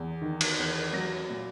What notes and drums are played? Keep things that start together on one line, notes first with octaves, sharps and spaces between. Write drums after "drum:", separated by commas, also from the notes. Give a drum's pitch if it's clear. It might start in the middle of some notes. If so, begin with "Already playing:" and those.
Already playing: E2
D#3
drum: cymbal
E2
F#3 A#6
A#2